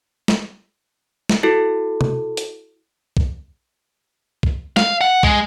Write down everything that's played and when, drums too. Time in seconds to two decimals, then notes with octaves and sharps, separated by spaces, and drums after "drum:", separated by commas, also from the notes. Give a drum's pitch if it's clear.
0.28 drum: snare
1.29 drum: snare
1.43 E4 F#4 A4
2.01 drum: tom C3
2.37 drum: hi-hat
3.17 drum: kick
4.43 drum: kick
4.77 F5, drum: snare
5.01 F#5
5.23 G#3, drum: kick